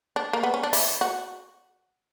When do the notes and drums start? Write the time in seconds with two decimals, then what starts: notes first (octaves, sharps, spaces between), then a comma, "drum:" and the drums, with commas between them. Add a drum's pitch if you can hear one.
0.16 D4
0.33 A#3
0.43 B3
0.54 C#4
0.63 D4
0.73 E4, drum: open hi-hat
1.01 F#4